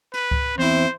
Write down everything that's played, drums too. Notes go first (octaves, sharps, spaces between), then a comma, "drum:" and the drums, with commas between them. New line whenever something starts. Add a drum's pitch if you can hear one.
B4, drum: hi-hat
drum: kick C#2
E2 C4 E4 C5